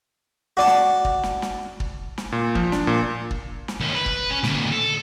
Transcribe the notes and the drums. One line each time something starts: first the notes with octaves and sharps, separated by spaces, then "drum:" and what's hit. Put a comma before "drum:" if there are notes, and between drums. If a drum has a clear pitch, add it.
F#4 D5 A5
drum: snare
drum: kick
drum: snare
drum: snare
drum: kick
drum: snare
A#2
F3, drum: kick
D4, drum: snare
A#2
drum: kick
drum: snare
D#2 C#4
B4
drum: kick
C#4
D2 A#2, drum: snare
A4